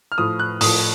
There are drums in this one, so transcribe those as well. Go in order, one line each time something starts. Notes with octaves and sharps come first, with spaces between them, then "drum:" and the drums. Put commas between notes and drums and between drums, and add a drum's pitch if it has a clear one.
F6
A2 F3 D#6
F#6
A2 F3 D#6, drum: open hi-hat